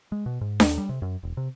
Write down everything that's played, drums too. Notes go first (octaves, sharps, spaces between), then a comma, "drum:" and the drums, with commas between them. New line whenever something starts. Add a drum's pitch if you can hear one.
G#3
B2
G#2
D#2, drum: snare D4
G3
C3
F#2
E1
C3